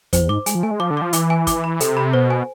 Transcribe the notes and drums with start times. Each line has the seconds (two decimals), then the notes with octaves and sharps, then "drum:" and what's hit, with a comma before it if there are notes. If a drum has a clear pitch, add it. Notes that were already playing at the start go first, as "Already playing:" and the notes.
0.13 F2 C5, drum: kick, hi-hat
0.21 E2
0.29 G#2 D6
0.46 G#3 G#5, drum: hi-hat
0.55 F3
0.63 A3 G#5
0.71 G#3
0.80 F3 D6
0.91 D3
0.97 F3 D6
1.13 E3 D6, drum: hi-hat
1.30 G#5
1.47 D6, drum: kick, hi-hat
1.64 B5
1.80 C3 A4, drum: hi-hat
1.97 B5
2.14 B2 C5
2.31 G#5